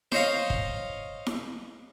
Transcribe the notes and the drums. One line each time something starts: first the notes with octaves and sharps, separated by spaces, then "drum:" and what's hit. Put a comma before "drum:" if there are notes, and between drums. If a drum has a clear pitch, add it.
C5 C#5 D#5 F5, drum: snare E4
drum: kick
drum: snare E4